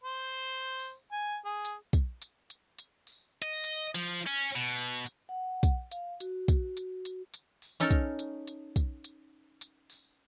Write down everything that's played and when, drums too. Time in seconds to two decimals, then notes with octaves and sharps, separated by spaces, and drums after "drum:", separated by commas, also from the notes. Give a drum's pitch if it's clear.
0.04 C5
0.79 drum: open hi-hat
1.12 G#5
1.45 G#4
1.65 drum: hi-hat
1.93 drum: kick, hi-hat
2.22 drum: hi-hat
2.50 drum: hi-hat
2.79 drum: hi-hat
3.07 drum: open hi-hat
3.42 D#5
3.64 drum: hi-hat
3.95 F3, drum: hi-hat
4.27 C#4
4.56 B2
4.78 drum: hi-hat
5.06 drum: hi-hat
5.29 F#5
5.63 drum: kick, hi-hat
5.91 F5, drum: hi-hat
6.20 F#4, drum: hi-hat
6.48 drum: kick, hi-hat
6.77 drum: hi-hat
7.05 drum: hi-hat
7.34 drum: hi-hat
7.62 drum: open hi-hat
7.80 C#4 D#4 A4 A#4 C#5
7.91 drum: kick, hi-hat
8.19 drum: hi-hat
8.47 drum: hi-hat
8.76 drum: kick, hi-hat
9.04 drum: hi-hat
9.61 drum: hi-hat
9.90 drum: open hi-hat